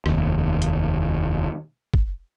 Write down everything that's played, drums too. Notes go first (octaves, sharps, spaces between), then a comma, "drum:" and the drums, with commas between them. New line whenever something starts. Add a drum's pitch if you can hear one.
F1 D#2, drum: rim click
drum: hi-hat
drum: kick